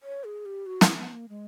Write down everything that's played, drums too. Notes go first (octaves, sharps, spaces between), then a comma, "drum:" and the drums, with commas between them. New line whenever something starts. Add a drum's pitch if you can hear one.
C#5
G#4
G4
F#4
E4, drum: snare
B3
A#3
G#3